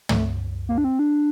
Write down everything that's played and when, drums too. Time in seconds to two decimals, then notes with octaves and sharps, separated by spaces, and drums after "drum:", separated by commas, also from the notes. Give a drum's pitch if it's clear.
0.09 A3, drum: tom
0.69 A#3
0.78 D4
0.84 C4
0.99 D4